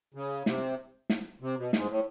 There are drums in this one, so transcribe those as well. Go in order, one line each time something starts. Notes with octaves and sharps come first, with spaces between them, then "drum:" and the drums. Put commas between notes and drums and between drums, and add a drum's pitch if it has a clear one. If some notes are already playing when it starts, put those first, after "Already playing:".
C#3
C3, drum: snare
drum: snare
C3
B2
G#2, drum: snare
A2